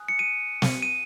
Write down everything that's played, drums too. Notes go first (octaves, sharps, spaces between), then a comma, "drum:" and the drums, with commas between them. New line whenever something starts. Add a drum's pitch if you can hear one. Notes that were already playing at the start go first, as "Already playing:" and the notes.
Already playing: G#5 D#6 F#6
C#7
D#7
drum: snare
D#7